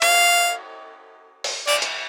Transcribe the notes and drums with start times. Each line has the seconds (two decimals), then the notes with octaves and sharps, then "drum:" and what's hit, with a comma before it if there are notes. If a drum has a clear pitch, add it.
0.02 F5, drum: cymbal
1.44 drum: open hi-hat
1.67 D5, drum: cymbal
1.82 drum: hi-hat